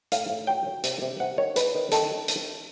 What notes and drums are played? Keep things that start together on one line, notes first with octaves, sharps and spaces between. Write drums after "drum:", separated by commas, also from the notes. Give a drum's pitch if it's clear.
A2 F5, drum: hi-hat
A2
F#3 G5
F#3
C3, drum: hi-hat
C3
C3 F#5
D#3 C#5
G#3 B4, drum: hi-hat
D#3
D#3 A4, drum: hi-hat
drum: hi-hat